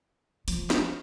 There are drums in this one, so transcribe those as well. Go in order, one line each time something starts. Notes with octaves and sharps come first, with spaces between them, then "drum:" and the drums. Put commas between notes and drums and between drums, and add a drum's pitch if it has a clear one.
F3, drum: open hi-hat
drum: snare